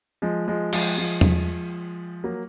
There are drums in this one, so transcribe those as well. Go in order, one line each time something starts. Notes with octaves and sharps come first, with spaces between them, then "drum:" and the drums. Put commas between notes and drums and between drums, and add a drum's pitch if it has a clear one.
F3 G#3
F3 G#3
F3 G#3, drum: cymbal
F3 G#3
drum: tom E2
F#3 A#3